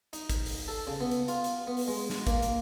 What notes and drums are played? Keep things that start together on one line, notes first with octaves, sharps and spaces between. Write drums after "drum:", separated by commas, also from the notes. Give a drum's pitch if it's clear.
D#4, drum: hi-hat
drum: kick, hi-hat
drum: open hi-hat
A4
C#3
B3
drum: hi-hat
F4, drum: hi-hat
drum: hi-hat
B3
drum: open hi-hat
G#3
drum: snare
A#3, drum: kick, hi-hat
drum: hi-hat